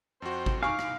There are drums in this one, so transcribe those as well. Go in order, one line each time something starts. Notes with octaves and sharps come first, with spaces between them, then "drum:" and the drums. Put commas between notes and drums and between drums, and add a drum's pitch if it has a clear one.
F2 F#4 C5 G5
drum: kick G#1
D#4 F5 G#5 C#6 D6 F6
drum: rim click